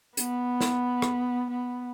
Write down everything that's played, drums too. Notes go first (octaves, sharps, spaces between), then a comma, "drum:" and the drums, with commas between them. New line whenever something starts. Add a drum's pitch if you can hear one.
B3, drum: hi-hat
drum: snare
drum: rim click
B3